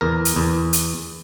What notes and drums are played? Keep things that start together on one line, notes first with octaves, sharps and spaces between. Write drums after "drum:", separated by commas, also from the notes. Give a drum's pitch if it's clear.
E2 A#4
drum: hi-hat
E2
drum: hi-hat